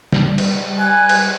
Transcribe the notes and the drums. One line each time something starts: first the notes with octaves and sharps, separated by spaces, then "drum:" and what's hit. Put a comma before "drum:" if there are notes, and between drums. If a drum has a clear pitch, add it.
G3, drum: snare
drum: cymbal
G#5 F#6
drum: cymbal